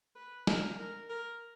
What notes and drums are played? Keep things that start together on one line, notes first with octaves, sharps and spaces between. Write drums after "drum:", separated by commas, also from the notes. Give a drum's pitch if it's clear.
B4
A#4, drum: snare
A#4
A#4